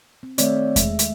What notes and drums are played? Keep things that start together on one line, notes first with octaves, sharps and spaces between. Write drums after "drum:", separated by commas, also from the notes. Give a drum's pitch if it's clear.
C4
D#3 A3 C4 C#5 D5 E5, drum: hi-hat
G#3 E5, drum: kick E2, hi-hat
drum: hi-hat